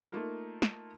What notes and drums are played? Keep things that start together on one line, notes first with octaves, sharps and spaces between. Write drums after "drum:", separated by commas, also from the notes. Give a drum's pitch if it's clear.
A3 A#3 D#4 F4 A#4
drum: snare